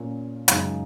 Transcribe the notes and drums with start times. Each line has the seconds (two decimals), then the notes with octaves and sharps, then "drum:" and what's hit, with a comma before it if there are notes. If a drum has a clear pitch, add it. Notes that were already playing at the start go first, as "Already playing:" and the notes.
Already playing: A#2 A#3 C#4
0.48 F#2 C#3 G#3 D#4, drum: hi-hat